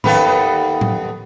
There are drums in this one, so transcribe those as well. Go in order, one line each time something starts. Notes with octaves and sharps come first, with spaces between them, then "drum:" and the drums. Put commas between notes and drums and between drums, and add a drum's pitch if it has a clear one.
D#2 B3 A4 F5 G5 B5, drum: tom A2
drum: tom A2